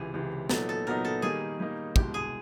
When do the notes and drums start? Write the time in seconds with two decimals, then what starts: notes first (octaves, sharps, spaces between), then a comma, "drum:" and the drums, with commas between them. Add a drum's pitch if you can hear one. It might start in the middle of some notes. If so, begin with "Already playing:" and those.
Already playing: C#2 C3 E3 G#4
0.14 C#2 C3 E3
0.49 A#2 F#3 B3 D#4 A4, drum: snare
0.69 A4
0.86 A#2 F#3 B3 D#4 A#4
1.05 A4
1.22 D#3 G3 A#3 D#4 G#4
1.59 D#3 G3 A#3 D#4
1.96 C2 B2 G#3 G4, drum: kick
2.14 G#4